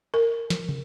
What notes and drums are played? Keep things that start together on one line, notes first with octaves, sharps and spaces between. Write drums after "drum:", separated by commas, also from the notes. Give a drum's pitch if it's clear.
A#4
drum: snare
drum: tom